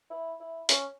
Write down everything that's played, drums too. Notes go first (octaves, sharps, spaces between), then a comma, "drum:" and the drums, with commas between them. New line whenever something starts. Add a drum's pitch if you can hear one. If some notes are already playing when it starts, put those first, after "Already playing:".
E4
E4
C#4, drum: hi-hat